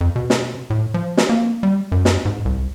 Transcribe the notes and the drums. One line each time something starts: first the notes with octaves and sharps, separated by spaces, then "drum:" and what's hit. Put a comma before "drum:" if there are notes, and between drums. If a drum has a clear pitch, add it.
F2
B2
drum: snare
A2
F3
drum: snare
A#3
G3
F#2
drum: snare
G#2
C2